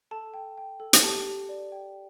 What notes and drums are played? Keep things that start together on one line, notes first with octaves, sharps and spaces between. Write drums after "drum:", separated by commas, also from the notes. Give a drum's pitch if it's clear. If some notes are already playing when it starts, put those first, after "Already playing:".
A4 A5
G5
G5
A4
drum: hi-hat
G4 A5
G4
D5
G5